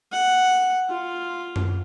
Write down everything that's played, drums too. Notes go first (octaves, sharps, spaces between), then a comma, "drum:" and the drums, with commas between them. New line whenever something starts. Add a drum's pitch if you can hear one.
F#5
F4
drum: tom F#2